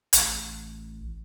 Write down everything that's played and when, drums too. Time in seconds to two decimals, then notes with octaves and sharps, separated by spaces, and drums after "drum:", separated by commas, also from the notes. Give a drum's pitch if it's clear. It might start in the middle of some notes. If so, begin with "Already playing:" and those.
0.13 A1, drum: hi-hat